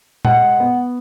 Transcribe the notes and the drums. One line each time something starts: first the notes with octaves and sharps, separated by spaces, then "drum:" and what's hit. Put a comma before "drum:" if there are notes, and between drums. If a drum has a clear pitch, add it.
G#3 F#5, drum: tom A#2
B3